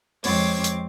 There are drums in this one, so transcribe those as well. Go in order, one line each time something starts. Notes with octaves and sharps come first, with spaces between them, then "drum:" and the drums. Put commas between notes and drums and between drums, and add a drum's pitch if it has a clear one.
F2 G#3 C4 C#5 D6 G#6, drum: open hi-hat
drum: hi-hat